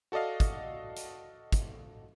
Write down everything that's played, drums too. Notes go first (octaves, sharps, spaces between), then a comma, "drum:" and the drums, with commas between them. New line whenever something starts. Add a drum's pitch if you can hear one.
F#4 A4 D5 D#5 F5
drum: kick, hi-hat
drum: hi-hat
drum: kick, hi-hat